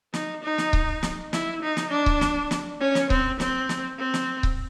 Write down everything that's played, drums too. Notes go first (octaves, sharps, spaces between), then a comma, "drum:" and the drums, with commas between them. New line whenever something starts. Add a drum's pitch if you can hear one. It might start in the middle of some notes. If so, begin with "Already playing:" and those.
D#4, drum: snare
D#4
drum: snare
drum: kick C#1
drum: snare
E4, drum: snare
D#4
drum: snare
D4
drum: kick C#1
drum: snare
drum: snare
C#4
drum: snare
C4, drum: kick C#1
C4, drum: snare
drum: snare
C4
drum: snare
drum: kick C#1